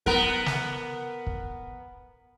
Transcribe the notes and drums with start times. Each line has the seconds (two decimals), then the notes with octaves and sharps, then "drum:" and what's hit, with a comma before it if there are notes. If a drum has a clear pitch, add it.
0.06 B3 A#4, drum: kick
0.46 drum: snare
1.27 drum: kick